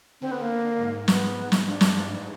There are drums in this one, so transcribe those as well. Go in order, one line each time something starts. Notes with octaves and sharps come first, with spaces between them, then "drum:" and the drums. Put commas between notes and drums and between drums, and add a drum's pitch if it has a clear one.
D3 C4
B3
A#3
G#2
G#2 B3, drum: snare
drum: snare
G2 D4
drum: snare